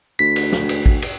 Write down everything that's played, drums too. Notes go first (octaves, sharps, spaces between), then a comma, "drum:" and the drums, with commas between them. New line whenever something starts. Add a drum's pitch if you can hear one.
D2 B6
drum: cymbal
drum: snare
drum: cymbal
drum: kick
drum: cymbal